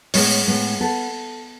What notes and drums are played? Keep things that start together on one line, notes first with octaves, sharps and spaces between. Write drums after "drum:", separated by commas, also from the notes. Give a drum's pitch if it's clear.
A2 G#3 B3 C#5, drum: open hi-hat
A2 G#3 B3
B3 A4